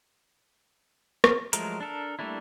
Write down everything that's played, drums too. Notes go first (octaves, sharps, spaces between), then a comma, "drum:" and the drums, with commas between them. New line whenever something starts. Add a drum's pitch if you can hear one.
drum: rim click
F3 F#3 G#3 A3 A#4, drum: hi-hat
D4 A4 A#4
G3 A3 A#3 D4 E4